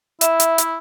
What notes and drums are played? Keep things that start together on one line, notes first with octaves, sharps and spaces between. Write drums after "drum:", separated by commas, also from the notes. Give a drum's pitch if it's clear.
E4 E5, drum: hi-hat
drum: hi-hat
drum: hi-hat